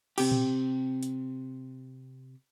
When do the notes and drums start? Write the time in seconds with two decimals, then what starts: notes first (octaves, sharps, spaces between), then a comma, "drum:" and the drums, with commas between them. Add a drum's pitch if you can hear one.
0.18 C3 G4, drum: cymbal
0.32 drum: tom A#2
1.03 drum: hi-hat